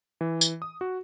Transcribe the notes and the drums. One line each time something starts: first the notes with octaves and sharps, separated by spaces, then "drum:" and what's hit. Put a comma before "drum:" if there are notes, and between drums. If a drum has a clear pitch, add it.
E3
drum: tambourine
D#6
F#4